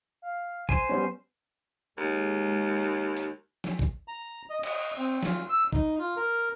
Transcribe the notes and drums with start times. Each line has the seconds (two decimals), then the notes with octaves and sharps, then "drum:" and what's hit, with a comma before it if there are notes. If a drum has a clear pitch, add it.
0.22 F5
0.69 C5 G#5 C6, drum: kick
0.89 F#3 G3 B3 C#4
1.98 D#2 G#3
3.17 drum: hi-hat
3.64 drum: snare
3.79 drum: kick
4.08 A#5
4.50 D#5
4.63 D#5, drum: cymbal
4.97 C4
5.23 F4, drum: snare
5.50 E6
5.73 D#4, drum: kick
5.99 F4
6.16 A#4